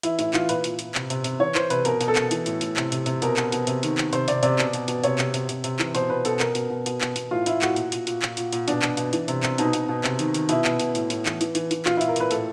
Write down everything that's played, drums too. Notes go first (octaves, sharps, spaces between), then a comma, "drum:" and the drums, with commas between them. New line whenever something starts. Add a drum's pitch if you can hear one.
E3 E4, drum: hi-hat
A2 E4, drum: hi-hat
E3 F4, drum: clap
A#2 B4, drum: hi-hat
A#2, drum: hi-hat
A#2, drum: hi-hat
C3, drum: clap
C3, drum: hi-hat
C3, drum: hi-hat
E3 C#5
E3 C5, drum: clap
C3 B4, drum: hi-hat
B2 A#4, drum: hi-hat
B2, drum: hi-hat
A4
B2, drum: clap
E3, drum: hi-hat
A2, drum: hi-hat
A2, drum: hi-hat
C3, drum: clap
C3, drum: hi-hat
C3, drum: hi-hat
B2 A#4, drum: hi-hat
B2, drum: clap
B2, drum: hi-hat
C3, drum: hi-hat
D#3, drum: hi-hat
D#3, drum: clap
C3 C5, drum: hi-hat
C3 D5, drum: hi-hat
C3 D5, drum: hi-hat
B2, drum: clap
B2, drum: hi-hat
B2, drum: hi-hat
C3 C#5, drum: hi-hat
C3, drum: clap
C3, drum: hi-hat
C3, drum: hi-hat
C3, drum: hi-hat
E3, drum: clap
B2 C5, drum: hi-hat
B2 B4
B2 A4, drum: hi-hat
B2 A#4, drum: clap
B2, drum: hi-hat
B2
B2, drum: hi-hat
B2, drum: clap
B2, drum: hi-hat
A2 F4
A2 E4, drum: hi-hat
A2 F#4, drum: clap
A#2, drum: hi-hat
A#2, drum: hi-hat
A#2, drum: hi-hat
A#2, drum: clap
A#2, drum: hi-hat
A#2, drum: hi-hat
B2 D4, drum: hi-hat
B2, drum: clap
B2, drum: hi-hat
E3, drum: hi-hat
C3, drum: hi-hat
C3, drum: clap
B2 D#4, drum: hi-hat
B2, drum: hi-hat
B2
C3, drum: clap
D#3, drum: hi-hat
D#3, drum: hi-hat
B2 E4, drum: hi-hat
B2, drum: clap
B2, drum: hi-hat
A2, drum: hi-hat
A2, drum: hi-hat
E3, drum: clap
E3, drum: hi-hat
E3, drum: hi-hat
E3, drum: hi-hat
A#2 F4, drum: clap
E4
A#2, drum: hi-hat
A#4
A#2 B4, drum: hi-hat
A2 A4, drum: hi-hat